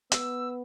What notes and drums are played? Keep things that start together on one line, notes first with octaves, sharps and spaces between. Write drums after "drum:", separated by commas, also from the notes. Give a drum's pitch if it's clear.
B3 E6, drum: hi-hat